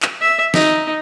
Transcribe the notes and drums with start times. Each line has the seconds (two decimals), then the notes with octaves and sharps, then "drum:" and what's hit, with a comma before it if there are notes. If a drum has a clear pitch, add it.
0.02 drum: clap
0.21 E5
0.54 D#4, drum: snare